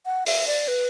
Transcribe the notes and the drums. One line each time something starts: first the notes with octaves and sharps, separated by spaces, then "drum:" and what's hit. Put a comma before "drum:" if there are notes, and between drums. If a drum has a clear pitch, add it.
F#5
E5, drum: open hi-hat
D5
B4